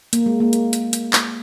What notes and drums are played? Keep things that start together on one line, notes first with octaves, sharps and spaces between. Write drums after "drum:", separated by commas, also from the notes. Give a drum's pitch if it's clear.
A#3, drum: hi-hat
G#3
A#3
drum: hi-hat
drum: hi-hat
drum: hi-hat
drum: clap